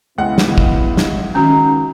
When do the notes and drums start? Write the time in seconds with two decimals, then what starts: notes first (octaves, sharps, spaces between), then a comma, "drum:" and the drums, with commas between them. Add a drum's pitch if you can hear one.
0.18 C#2 B2 B3 E4 F#5
0.38 drum: snare
0.58 drum: kick
0.97 drum: snare
1.35 D#3 C#4 F#4 A#5